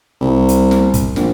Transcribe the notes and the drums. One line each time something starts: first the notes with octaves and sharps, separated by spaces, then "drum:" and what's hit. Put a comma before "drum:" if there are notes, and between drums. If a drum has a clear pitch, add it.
C2
drum: hi-hat
drum: snare
drum: kick, hi-hat
A#1, drum: snare